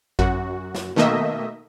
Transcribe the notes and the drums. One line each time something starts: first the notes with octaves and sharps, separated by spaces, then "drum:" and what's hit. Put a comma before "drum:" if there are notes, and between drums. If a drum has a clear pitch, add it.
F#2 F#4, drum: kick A1
drum: snare
B2 D#3 A3 A#3 D#5 E5